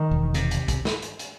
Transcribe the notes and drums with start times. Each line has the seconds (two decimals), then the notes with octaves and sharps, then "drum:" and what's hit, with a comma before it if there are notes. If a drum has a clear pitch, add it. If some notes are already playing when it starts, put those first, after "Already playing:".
Already playing: D#3
0.11 E1
0.34 C3, drum: hi-hat
0.51 drum: hi-hat
0.68 drum: kick, hi-hat
0.85 drum: snare
1.02 drum: hi-hat
1.19 drum: hi-hat